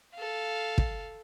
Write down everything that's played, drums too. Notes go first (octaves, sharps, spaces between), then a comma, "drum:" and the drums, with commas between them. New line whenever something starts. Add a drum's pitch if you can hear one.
A4 F5
drum: kick